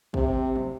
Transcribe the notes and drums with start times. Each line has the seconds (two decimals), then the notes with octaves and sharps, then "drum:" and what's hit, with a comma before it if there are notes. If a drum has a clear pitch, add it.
0.14 C3, drum: kick
0.56 drum: tom F3